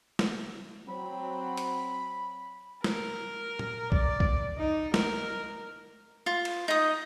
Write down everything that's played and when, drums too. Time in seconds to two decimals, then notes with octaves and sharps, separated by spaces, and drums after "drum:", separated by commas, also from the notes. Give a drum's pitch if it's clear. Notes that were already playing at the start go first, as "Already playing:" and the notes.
0.19 drum: snare
0.88 F#3 C4 B5
1.57 drum: hi-hat
2.84 A#4, drum: snare
3.59 drum: tom A#2
3.92 D5, drum: kick B1
4.20 drum: kick B1
4.58 D#4
4.94 A#4, drum: snare
6.26 F4
6.45 drum: cymbal
6.68 D#4 D#6